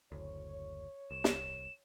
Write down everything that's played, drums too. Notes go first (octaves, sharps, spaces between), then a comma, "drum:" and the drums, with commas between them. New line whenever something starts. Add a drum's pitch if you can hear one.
F#1 D2 C#5
C2 E7
drum: snare